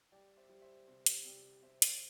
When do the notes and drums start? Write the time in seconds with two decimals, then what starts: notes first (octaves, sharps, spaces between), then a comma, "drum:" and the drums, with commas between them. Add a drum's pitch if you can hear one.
0.12 G3 D5 G5
0.37 C5 E5
0.49 G3
0.62 C5 E5
0.87 C3 C5
1.06 drum: hi-hat
1.25 C3 D5 G5
1.63 C3 C5 E5
1.82 drum: hi-hat